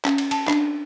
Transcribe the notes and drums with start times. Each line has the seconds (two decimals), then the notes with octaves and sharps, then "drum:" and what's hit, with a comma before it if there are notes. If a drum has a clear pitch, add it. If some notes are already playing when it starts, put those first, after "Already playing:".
0.05 C#4, drum: clap
0.18 drum: cymbal
0.31 A5, drum: cymbal
0.48 D4, drum: clap